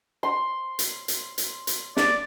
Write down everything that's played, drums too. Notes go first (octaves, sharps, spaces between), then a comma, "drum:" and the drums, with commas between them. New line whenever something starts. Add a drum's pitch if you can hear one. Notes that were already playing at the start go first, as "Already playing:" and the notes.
C6
drum: hi-hat
drum: hi-hat
drum: hi-hat
drum: hi-hat
D5, drum: snare